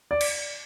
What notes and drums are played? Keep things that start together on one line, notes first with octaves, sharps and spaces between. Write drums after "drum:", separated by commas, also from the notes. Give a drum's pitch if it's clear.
D5
drum: cymbal